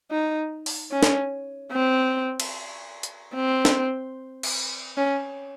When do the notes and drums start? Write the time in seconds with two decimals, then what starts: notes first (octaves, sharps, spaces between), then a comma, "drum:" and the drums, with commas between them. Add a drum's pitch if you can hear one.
0.11 D#4
0.66 drum: open hi-hat
0.91 C#4
1.03 drum: snare
1.72 C4
2.40 drum: cymbal
3.03 drum: hi-hat
3.34 C4
3.65 drum: snare
4.43 drum: cymbal
4.97 C#4